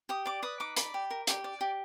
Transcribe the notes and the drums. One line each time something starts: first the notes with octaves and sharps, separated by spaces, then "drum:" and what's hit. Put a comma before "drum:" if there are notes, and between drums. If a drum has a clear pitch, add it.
G4 D#6
D5 D6
B4 D#6
D#4 D6
D5 B5, drum: hi-hat
G4
A#4
G4, drum: hi-hat
D5
G4